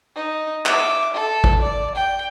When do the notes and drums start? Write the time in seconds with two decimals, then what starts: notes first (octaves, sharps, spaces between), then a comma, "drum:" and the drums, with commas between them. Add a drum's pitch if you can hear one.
0.16 D#4
0.66 E5 D6, drum: clap
1.14 A4
1.44 drum: kick
1.61 D5
1.95 G5